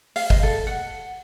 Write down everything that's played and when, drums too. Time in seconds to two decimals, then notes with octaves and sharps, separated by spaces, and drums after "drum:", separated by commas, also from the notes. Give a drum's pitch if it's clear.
0.16 F5, drum: open hi-hat
0.30 D#5, drum: kick
0.43 A4
0.67 F#5